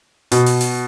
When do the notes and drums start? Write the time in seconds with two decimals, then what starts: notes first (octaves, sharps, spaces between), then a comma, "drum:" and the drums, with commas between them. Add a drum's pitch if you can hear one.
0.32 B2, drum: hi-hat
0.46 drum: open hi-hat
0.61 drum: open hi-hat